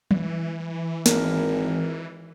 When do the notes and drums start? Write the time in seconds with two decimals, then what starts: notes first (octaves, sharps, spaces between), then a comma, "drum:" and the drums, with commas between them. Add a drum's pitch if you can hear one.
0.11 E3, drum: tom F#3
1.06 G#1 A#4, drum: snare